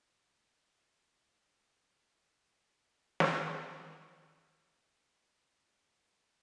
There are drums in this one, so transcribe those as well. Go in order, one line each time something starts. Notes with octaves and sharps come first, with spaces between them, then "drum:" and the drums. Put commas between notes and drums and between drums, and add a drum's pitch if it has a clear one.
F#3 G4
C#2
drum: snare
G4 C#5 G#5